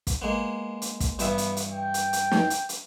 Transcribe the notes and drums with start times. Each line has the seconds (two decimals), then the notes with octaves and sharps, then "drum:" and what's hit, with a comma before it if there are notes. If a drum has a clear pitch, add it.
0.07 drum: kick, hi-hat
0.22 G#3 A#3 B3
0.82 drum: hi-hat
1.00 drum: kick, hi-hat
1.19 G2 E3 B3 E5, drum: hi-hat
1.38 drum: hi-hat
1.57 drum: hi-hat
1.71 G5
1.94 drum: hi-hat
2.13 drum: hi-hat
2.31 drum: snare
2.50 drum: hi-hat
2.69 drum: hi-hat